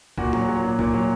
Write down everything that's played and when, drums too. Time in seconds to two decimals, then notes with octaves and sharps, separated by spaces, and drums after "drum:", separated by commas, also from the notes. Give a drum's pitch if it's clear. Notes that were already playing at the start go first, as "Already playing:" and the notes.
0.18 A#2 F#4, drum: kick
0.33 F#3, drum: tom
0.48 F#3
0.64 A#2
0.79 A#2, drum: kick
0.94 F#3